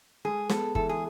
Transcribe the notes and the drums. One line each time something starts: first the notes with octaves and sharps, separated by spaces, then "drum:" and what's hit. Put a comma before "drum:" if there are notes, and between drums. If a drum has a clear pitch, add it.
G#3 G#4
B3 A4, drum: snare
E3 A4, drum: kick
G#4